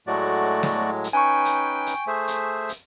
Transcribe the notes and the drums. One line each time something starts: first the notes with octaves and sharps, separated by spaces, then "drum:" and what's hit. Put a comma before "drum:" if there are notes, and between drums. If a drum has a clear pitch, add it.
A2 F#3 G#3 A3 F#4 D5
drum: snare
drum: hi-hat
C#4 D#4 B4 G5 G#5 C#6
drum: hi-hat
drum: hi-hat
A3 G#4 C5 E5
drum: hi-hat
drum: hi-hat